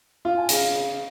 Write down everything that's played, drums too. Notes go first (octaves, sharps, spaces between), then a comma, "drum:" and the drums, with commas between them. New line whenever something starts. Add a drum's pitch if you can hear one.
F4 F5
G#5
C#3 F5, drum: hi-hat
C#3